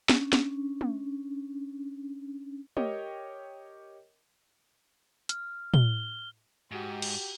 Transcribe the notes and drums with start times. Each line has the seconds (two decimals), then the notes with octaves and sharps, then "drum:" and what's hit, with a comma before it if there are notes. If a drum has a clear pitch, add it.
0.09 C#4 D4, drum: snare
0.33 drum: snare
0.81 drum: tom
2.77 G4 A#4 C#5 D#5 G5, drum: tom
5.29 F6, drum: hi-hat
5.74 G7, drum: tom
6.71 G#2 F#4 G4
7.02 drum: cymbal